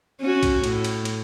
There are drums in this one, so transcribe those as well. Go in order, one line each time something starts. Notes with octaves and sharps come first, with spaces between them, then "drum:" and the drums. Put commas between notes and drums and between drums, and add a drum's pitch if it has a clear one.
C#4 F#4
drum: kick, cymbal
A2, drum: cymbal
drum: cymbal
drum: cymbal